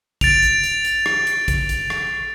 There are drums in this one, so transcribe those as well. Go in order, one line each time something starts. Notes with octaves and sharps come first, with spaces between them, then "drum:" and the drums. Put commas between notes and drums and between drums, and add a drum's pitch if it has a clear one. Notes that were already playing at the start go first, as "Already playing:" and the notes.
A6 D7 F7, drum: kick, hi-hat
drum: hi-hat
drum: hi-hat
drum: hi-hat
drum: rim click
drum: hi-hat
drum: kick, hi-hat
drum: hi-hat
drum: rim click